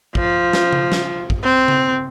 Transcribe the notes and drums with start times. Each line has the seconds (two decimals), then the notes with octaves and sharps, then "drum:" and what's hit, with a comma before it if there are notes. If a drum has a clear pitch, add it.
0.15 F3, drum: kick
0.53 drum: snare
0.73 drum: tom C#3
0.92 drum: snare
1.30 drum: kick
1.44 C4
1.68 drum: tom C#3